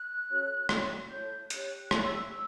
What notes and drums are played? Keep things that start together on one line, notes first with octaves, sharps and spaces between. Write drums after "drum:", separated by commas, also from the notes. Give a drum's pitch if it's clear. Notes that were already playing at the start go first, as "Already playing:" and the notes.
Already playing: F#6
C#4 F#4 A4 C#5
C#4 F#4 C#5, drum: rim click
E4 A4 C#5 G6
D4 G4 C#5 F#6, drum: hi-hat
E4 G4 C#5 F#6, drum: rim click
E6
E6
E6